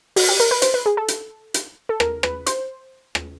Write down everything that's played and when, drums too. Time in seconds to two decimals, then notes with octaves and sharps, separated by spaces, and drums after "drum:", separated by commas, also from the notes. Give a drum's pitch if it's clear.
0.16 F#4, drum: open hi-hat
0.29 G4
0.40 A#4
0.51 B4
0.62 C5, drum: hi-hat
0.74 B4
0.86 G#4
0.97 A4
1.08 drum: hi-hat
1.54 drum: hi-hat
1.89 A4
2.00 A#4, drum: rim click
2.23 B4, drum: rim click
2.46 C5, drum: hi-hat
3.15 drum: rim click